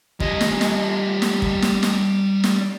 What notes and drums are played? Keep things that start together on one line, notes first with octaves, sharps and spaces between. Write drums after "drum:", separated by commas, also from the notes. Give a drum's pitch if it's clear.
G3 D#5, drum: kick
drum: snare
drum: snare
drum: snare
drum: kick
drum: snare
drum: snare
drum: snare